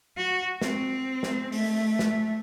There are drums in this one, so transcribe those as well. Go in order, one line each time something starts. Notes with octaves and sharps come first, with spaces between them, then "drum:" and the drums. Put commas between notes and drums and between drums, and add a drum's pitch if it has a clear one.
F#4
C4, drum: snare
drum: snare
A3, drum: open hi-hat
drum: snare